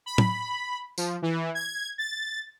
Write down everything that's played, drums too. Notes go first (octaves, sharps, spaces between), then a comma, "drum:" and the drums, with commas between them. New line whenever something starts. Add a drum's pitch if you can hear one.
B5
drum: tom A2
F3, drum: tambourine
E3
G#6
A6